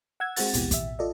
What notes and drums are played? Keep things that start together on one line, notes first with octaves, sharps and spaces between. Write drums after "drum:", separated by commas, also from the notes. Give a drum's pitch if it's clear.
F#5 E6 G#6
G#3 C4 F#4 F#5 A6, drum: open hi-hat
A1 D#2 B2 E3 G4, drum: hi-hat
A1 E5, drum: kick, hi-hat
F4 A4 D5 D#5